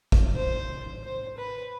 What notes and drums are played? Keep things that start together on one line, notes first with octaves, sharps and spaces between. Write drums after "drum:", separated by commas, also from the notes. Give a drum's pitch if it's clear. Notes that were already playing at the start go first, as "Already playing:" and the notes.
drum: kick
C5
C5
B4